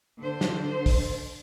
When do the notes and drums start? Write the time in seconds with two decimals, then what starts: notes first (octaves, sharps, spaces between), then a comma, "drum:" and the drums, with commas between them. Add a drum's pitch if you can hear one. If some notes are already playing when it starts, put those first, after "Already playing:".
0.19 D3 C5
0.41 drum: snare
0.86 drum: kick, open hi-hat